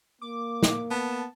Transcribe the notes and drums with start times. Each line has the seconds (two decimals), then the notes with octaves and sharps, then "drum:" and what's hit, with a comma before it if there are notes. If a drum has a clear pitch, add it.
0.21 A#3 D6
0.63 drum: snare
0.91 B3 A5